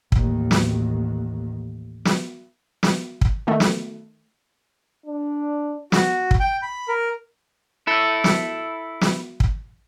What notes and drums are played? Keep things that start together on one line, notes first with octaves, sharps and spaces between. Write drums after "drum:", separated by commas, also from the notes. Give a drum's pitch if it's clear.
A1 D#2, drum: kick
drum: snare
drum: snare
drum: snare
drum: kick
D#3 A3
drum: snare
D4
F#4, drum: snare
drum: kick
G5
B5
A#4
E4 A4
drum: snare
drum: snare
drum: kick